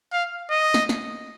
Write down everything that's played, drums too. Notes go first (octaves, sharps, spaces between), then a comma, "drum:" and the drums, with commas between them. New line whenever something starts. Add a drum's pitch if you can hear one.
F5
D#5
drum: snare
drum: snare